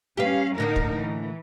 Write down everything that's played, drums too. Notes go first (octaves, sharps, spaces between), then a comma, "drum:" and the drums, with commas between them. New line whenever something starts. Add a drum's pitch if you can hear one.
G3 C#4 G4 B4 F5
A2 D3 A#3 D4 D#4 A#4
drum: kick
E3